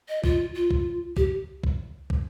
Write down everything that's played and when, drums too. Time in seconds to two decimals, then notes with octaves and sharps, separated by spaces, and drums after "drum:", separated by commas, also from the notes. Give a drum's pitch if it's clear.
0.09 D#5
0.24 F4, drum: kick
0.55 F4
0.71 drum: kick
1.17 G4, drum: kick
1.64 drum: kick
2.10 drum: kick